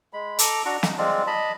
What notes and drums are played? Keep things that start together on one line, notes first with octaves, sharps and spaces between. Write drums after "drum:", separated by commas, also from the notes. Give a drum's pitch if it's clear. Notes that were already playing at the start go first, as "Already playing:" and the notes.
G#3 B5
A4 A#5 D6, drum: hi-hat
D4 F#4 A#5 C#6
D#4, drum: snare
G#3 C4 F4 D5
D#5 A5 B5